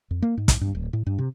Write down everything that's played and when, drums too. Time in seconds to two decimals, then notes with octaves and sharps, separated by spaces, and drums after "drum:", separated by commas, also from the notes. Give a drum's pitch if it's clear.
0.11 F2
0.22 A#3
0.37 G#2
0.48 drum: kick, hi-hat
0.61 G2
0.75 D1
0.93 A2
1.06 G2
1.18 C3